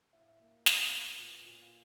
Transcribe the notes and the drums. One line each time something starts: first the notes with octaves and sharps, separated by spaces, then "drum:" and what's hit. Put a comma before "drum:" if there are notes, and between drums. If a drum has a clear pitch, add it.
A2 E5
F5
E5
A#3
C#4, drum: snare
B3
A#2
A#2
F5